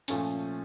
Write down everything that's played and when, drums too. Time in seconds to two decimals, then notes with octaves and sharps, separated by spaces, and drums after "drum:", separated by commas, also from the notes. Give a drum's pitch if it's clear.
0.08 A#2 F3 A3 C#4, drum: hi-hat